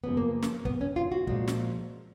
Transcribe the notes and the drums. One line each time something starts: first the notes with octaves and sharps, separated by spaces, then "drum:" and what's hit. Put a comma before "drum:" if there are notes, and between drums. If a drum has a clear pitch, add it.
F#2 C#3 F3 G#3 B3
A#3
A#3, drum: snare
B3, drum: kick
C#4
F4
F#4
A#2 F3 G#3, drum: kick
drum: snare